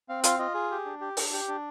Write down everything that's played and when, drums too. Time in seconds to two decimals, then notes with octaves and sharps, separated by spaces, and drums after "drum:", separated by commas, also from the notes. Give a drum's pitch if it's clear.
0.09 C4 F5
0.24 F4 F5, drum: hi-hat
0.39 F4 D#5
0.54 G#4
0.71 G4
0.85 D4
1.01 G4
1.17 D4, drum: open hi-hat
1.33 G4
1.48 D4